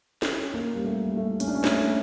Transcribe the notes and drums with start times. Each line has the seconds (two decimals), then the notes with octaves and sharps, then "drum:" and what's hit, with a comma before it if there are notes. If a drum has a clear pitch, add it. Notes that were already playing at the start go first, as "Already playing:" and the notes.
0.22 C#4, drum: snare
0.54 A#3
0.74 G3
0.85 A3
1.06 G3
1.17 A3
1.40 C#4, drum: hi-hat
1.47 D4
1.55 C#4
1.64 A3, drum: snare